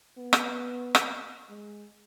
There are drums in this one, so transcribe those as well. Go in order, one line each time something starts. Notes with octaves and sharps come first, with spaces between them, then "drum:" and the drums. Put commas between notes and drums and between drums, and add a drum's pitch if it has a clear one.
B3
drum: rim click
drum: rim click
G#3